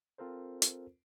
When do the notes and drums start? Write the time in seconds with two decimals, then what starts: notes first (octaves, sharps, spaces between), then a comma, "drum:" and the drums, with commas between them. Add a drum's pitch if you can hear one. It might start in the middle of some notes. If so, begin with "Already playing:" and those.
0.18 C4 F4 A4 A#4 C5
0.62 drum: hi-hat